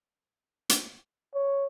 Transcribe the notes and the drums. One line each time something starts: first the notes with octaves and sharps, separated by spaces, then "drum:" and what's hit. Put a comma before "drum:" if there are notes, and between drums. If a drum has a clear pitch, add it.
drum: hi-hat
C#5